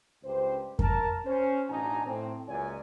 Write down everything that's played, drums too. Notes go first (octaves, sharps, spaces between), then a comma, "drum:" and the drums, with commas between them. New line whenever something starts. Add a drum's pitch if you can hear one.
C#2 G2 G4 C5
A#4 A5, drum: kick F2
C#4 C5
A1 B2 D4 D#4 G#5 A#5
A2 C4
C#2 F#2 A#2 C#4 D5 G#5